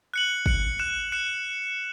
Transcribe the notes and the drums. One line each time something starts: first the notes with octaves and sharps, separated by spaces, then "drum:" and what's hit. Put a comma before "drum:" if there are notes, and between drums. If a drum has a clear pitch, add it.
F#6 C#7 F#7
F#6 C#7 F#7, drum: kick
F#6 C#7 E7
F#6 C#7 E7